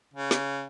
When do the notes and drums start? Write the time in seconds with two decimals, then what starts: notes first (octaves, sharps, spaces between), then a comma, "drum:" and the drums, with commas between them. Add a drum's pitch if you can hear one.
0.13 C#3
0.31 drum: snare